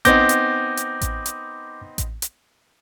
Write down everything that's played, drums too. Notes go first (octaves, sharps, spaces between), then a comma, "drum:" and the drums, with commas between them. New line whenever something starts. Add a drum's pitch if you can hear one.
B3 C4 D#4 D6 G6 A#6, drum: kick A1, hi-hat
drum: hi-hat
drum: hi-hat
drum: kick A1, hi-hat
drum: hi-hat
drum: kick A1, hi-hat
drum: hi-hat